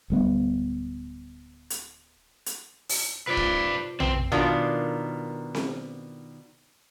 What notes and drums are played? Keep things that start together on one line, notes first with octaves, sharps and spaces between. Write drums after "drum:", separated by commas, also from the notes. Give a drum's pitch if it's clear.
D1 G3 B3
drum: hi-hat
drum: hi-hat
drum: open hi-hat
C3 F4 B4 D5
drum: kick
C4 B4 G5, drum: tom A#1
B2 D#3 D4 F4 A#4
drum: snare C4